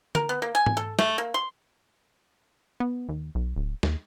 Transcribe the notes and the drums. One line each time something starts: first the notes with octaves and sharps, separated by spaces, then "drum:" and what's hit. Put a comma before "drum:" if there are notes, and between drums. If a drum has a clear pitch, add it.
A#4, drum: tom
B3
A#3
G#5
drum: tom G#2
A4
A3, drum: snare
A#3
C6
B3
D#2
B1
D1
D#2, drum: snare